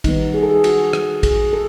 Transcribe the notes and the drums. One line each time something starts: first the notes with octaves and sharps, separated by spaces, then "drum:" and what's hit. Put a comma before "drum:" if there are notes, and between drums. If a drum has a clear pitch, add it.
D#3 G3 B3 D#4, drum: kick, cymbal
G#4
A4
G#4
F#4, drum: cymbal
drum: rim click
G#4, drum: kick, cymbal
A4